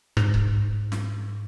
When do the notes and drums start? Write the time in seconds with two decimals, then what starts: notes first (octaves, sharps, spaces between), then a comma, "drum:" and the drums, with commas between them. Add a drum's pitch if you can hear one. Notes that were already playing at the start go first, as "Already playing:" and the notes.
0.17 G#2, drum: rim click
0.34 drum: kick C#1
0.92 drum: snare